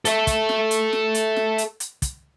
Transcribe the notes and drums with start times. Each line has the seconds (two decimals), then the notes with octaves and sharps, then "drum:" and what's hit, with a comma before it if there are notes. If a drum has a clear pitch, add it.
0.05 A4 E5, drum: hi-hat
0.27 drum: kick, hi-hat
0.49 drum: snare
0.71 drum: hi-hat
0.93 drum: snare
1.15 drum: hi-hat
1.36 drum: snare
1.58 drum: hi-hat
1.80 drum: hi-hat
2.02 drum: kick, hi-hat